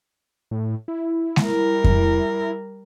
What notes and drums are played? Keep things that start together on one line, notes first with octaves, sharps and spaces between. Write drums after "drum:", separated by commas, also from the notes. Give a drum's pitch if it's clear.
A2
E4
drum: snare G#3
G3 A#4
drum: kick F2